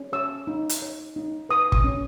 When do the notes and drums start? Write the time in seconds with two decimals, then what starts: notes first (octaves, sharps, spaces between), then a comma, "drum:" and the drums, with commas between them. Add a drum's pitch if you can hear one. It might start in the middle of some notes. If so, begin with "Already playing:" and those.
Already playing: C#4
0.13 C#5 E6
0.47 D#4
0.69 drum: hi-hat
0.82 C#5
1.16 D#4
1.49 B4 D#6
1.72 D#6, drum: kick
1.84 C#4